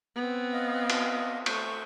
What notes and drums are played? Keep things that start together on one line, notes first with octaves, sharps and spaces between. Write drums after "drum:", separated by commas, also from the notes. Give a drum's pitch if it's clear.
B3 C4
D#5 F5
drum: cymbal
A3 C5 C#6, drum: cymbal